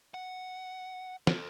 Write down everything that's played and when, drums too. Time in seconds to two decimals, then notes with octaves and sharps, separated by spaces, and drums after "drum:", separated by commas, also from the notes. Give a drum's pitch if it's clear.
0.14 F#5
1.27 A4 C5, drum: snare